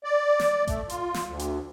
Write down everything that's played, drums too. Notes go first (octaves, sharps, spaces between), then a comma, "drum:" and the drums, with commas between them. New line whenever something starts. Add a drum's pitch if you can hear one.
D5
drum: snare
A3, drum: kick A1, hi-hat
F4, drum: hi-hat
drum: snare
D2
drum: hi-hat